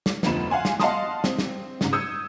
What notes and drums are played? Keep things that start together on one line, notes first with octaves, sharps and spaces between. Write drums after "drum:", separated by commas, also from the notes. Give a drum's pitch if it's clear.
drum: snare
F1 D2 F3 A#3 B5 E7, drum: snare
F5 F#5 G#5 C6
drum: snare
D#5 F5 F#5 A5 C6 D#6, drum: snare
C4, drum: snare
drum: snare
G#2 C#3, drum: snare
D#6 E6 G6 G#6 C#7 D#7